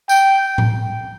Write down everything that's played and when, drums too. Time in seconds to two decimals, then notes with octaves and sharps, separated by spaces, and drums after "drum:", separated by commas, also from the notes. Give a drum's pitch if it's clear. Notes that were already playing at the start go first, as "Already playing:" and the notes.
0.09 G5, drum: tambourine
0.58 drum: tom A2